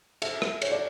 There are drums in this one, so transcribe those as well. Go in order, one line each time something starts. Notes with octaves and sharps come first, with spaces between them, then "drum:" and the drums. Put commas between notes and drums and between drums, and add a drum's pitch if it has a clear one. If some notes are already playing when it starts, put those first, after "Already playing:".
E5, drum: cymbal
drum: rim click
C#5, drum: cymbal
D5